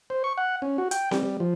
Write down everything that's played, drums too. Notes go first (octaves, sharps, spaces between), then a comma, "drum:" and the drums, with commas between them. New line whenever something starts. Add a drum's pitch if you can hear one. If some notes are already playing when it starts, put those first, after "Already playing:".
C5
C#6
F#5
C#4
F#4
G5, drum: hi-hat
G3, drum: snare C4
G3
F3